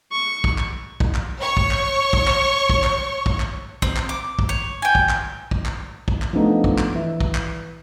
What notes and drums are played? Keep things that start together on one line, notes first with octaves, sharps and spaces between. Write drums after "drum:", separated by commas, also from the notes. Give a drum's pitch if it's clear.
C#6
drum: kick
drum: clap
drum: kick
drum: clap
C#5 C#6
drum: kick
drum: clap
drum: kick
drum: clap
drum: kick
drum: clap
drum: kick
drum: clap
C4, drum: kick
drum: clap
D6
drum: kick
C#5
G5 G#5
drum: kick
drum: clap
drum: kick
drum: clap
drum: kick
drum: clap
F3 A3 B3 D4 D#4
drum: kick
drum: clap
E3 E5
drum: kick
drum: clap